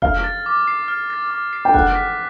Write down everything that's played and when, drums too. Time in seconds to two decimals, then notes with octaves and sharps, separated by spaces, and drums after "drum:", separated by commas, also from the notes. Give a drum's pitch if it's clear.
0.02 F5 F6, drum: kick F1
0.24 A6
0.46 D6
0.68 C7
0.88 F6
1.10 A6
1.31 D6
1.53 C7
1.65 G5
1.74 F#5 F#6, drum: kick F1
1.95 B6